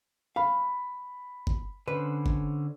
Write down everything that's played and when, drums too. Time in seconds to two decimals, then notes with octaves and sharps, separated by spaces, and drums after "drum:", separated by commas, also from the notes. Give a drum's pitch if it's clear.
0.36 F5 B5
1.47 drum: kick G1
1.88 D3 C#4 B4 C5
2.26 drum: kick G1